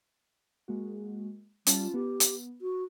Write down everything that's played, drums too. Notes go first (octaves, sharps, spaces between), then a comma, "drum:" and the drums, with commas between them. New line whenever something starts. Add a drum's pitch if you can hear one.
G#3 A#3 F#4
G3 C#4 F4 A5, drum: hi-hat
B3 G4
drum: hi-hat
F#4